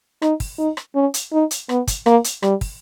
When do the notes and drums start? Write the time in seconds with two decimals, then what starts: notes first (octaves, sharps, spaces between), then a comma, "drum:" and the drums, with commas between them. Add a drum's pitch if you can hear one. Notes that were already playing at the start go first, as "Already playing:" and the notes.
0.22 D#4, drum: rim click
0.40 drum: kick, open hi-hat
0.59 D#4
0.77 drum: rim click
0.95 C#4
1.14 drum: hi-hat
1.33 D#4
1.51 drum: hi-hat
1.69 B3, drum: rim click
1.87 drum: kick, hi-hat
2.06 A#3, drum: rim click
2.24 drum: hi-hat
2.43 G3, drum: rim click
2.61 drum: kick, open hi-hat